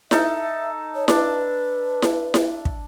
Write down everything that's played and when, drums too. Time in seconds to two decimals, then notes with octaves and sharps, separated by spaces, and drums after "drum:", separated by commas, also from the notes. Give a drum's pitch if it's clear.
0.11 D#4 A4 E5, drum: snare E4
0.95 C#5
1.08 D4 B4, drum: snare E4
2.02 drum: snare E4
2.34 drum: snare E4
2.65 drum: kick